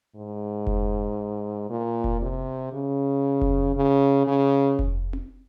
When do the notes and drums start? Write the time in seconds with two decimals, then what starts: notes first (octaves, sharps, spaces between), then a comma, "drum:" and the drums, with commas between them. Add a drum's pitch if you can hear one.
0.16 G#2
0.67 drum: kick F1
1.70 A#2
2.04 drum: kick F1
2.21 C3
2.73 C#3
3.41 drum: kick F1
3.76 C#3
4.27 C#3
4.79 drum: kick F1
5.13 drum: tom C4